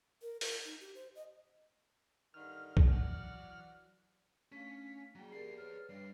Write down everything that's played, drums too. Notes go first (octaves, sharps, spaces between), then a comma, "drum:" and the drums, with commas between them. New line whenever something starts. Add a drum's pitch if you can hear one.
A#4
A#4, drum: open hi-hat
D#4
G4
C5
D#5
G2 D3 D#3 F6
drum: kick C2
E3 F#3 F#4 D5 F#5
A3 C#4 D4 F5 B6
F#3 A#3 G#4 G5
G4 G#4 A#4 D5 C7
B4 C#5 F6
G3 D4 C7